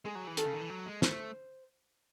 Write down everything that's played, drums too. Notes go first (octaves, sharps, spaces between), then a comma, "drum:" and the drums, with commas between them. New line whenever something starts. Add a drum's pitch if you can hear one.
G#3 G#4
F#3
E3
D#3 A4, drum: hi-hat
C#3
D#3
E3
F#3
G#3
A3 C5, drum: snare